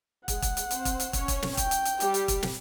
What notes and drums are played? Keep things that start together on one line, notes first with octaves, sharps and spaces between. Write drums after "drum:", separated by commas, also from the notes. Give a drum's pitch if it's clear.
G#3 G#4 F#5, drum: kick, hi-hat
drum: kick, hi-hat
drum: hi-hat
C4 C5, drum: hi-hat
drum: kick, hi-hat
drum: hi-hat
C#4 C#5, drum: kick, hi-hat
drum: kick, hi-hat
drum: snare
G5, drum: kick, hi-hat
drum: hi-hat
drum: hi-hat
G3 G4, drum: hi-hat
drum: hi-hat
drum: kick, hi-hat
drum: snare